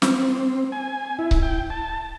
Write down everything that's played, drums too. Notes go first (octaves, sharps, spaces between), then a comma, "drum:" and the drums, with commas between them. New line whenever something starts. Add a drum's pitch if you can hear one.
C4, drum: snare
G#5
E4
drum: kick C#1
G5
A5